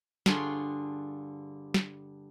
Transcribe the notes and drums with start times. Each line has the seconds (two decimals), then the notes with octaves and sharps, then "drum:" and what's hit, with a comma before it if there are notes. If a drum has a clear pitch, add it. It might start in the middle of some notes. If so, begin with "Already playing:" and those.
0.26 G2 D3 F4 G#4 C#5 C6, drum: snare
1.74 drum: snare